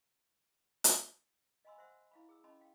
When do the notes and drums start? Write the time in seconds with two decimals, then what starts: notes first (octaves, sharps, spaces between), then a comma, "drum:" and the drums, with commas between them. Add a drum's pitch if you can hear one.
0.84 drum: hi-hat
1.65 D#5 F5 G#5 B5 C6 E6
1.78 C5 E5 F#5 C6 E6
2.11 E4 F5 B5
2.29 G#4 E6
2.44 C#4 D#5 A5 B5 C6
2.61 F5 G5